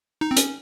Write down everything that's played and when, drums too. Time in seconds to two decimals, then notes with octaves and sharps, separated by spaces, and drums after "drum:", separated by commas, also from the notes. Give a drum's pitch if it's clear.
0.21 D#4
0.31 C4
0.37 C#4, drum: hi-hat